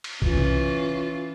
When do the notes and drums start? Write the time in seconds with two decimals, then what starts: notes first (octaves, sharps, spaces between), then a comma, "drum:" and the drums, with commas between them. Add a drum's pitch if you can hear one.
0.04 drum: cymbal
0.22 E3 C#4 F4, drum: kick B1
0.38 drum: tom C3